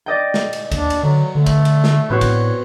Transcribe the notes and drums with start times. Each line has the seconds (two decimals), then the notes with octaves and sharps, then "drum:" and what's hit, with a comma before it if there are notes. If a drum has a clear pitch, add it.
0.06 D5 D#5 G5
0.34 drum: snare
0.53 drum: cymbal
0.72 D#2 D4, drum: kick, cymbal
0.90 drum: cymbal
1.03 D3 F#3
1.35 D3 A3
1.46 drum: kick, cymbal
1.65 drum: cymbal
1.84 drum: snare
2.10 A2 B3 C4 F#4 C#5
2.21 drum: kick, cymbal